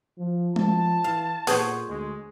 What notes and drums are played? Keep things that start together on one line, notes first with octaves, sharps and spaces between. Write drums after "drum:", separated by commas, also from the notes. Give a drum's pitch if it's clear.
F3
F3 A5, drum: tom G#3
E3 F5
A#2 B3 G#4 C5 C#5, drum: open hi-hat
D2 G#3